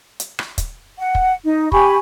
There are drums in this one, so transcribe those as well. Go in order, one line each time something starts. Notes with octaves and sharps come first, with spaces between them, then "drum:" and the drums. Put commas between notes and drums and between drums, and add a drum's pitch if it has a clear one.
drum: hi-hat
drum: rim click
drum: kick, hi-hat
F#5
drum: kick
D#4
G4 G#5 B5 C#6, drum: kick